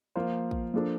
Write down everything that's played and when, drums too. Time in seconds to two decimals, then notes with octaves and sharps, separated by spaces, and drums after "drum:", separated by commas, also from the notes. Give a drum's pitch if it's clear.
0.16 F3 A#3 F4 C5
0.51 drum: kick
0.74 F3 A#3 D4 A4 C5